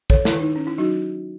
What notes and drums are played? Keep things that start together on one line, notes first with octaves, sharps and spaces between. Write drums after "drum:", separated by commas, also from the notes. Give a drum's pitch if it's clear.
D#3 A4 C#5, drum: kick
E4, drum: snare
D#3
D#4
C#4
E4
F#3 D#4 F#4